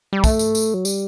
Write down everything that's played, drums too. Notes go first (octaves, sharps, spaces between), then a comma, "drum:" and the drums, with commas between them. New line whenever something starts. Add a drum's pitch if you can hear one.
G3
A3, drum: kick, tambourine
drum: tambourine
drum: tambourine
F#3
G3, drum: tambourine